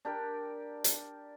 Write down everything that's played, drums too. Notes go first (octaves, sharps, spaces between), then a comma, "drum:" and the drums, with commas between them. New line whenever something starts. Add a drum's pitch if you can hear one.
D4 G4 A#4 G5
drum: hi-hat